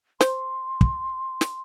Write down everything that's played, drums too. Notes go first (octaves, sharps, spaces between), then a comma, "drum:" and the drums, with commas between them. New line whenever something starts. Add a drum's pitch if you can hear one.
C5 C6, drum: snare
drum: kick
drum: snare